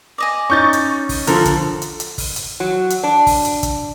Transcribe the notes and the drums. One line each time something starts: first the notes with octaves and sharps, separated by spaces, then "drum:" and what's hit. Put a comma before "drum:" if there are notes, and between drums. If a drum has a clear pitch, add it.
D5 D#5 G#5
C#4 D#4 C#6 G6 A6
drum: hi-hat
drum: kick, open hi-hat
D3 F3 A4 A#4, drum: hi-hat
drum: kick, hi-hat
drum: hi-hat
drum: hi-hat
drum: kick, open hi-hat
drum: hi-hat
F#3
drum: hi-hat
D4
drum: kick, open hi-hat
drum: hi-hat
drum: kick, hi-hat